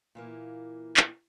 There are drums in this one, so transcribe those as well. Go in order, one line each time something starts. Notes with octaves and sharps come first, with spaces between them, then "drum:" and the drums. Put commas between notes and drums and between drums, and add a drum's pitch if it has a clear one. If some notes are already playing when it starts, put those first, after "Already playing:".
A#2 E3 A#3
drum: clap